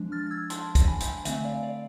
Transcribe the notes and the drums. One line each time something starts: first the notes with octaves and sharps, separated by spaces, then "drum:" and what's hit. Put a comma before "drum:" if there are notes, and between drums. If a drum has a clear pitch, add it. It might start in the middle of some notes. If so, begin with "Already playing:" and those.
Already playing: F3 G#3 D4
F6 A6
A6
E6 G#6
A5 C6, drum: hi-hat
drum: kick, hi-hat
G#5 B5
drum: hi-hat
D3 A3 C4 E5 G#5, drum: hi-hat
D5 F5
D5 F5